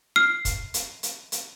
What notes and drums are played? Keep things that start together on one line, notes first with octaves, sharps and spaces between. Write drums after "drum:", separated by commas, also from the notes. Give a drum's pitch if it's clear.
F6 C7
drum: kick, hi-hat
drum: hi-hat
drum: hi-hat
drum: hi-hat